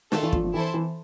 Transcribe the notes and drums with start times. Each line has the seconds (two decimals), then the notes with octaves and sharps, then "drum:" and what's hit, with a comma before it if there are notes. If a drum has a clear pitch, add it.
0.12 D#3 A3 D4 F4 A4, drum: snare
0.23 E3
0.33 F3, drum: kick
0.44 F3
0.54 E3 E4 A4 C5
0.74 E3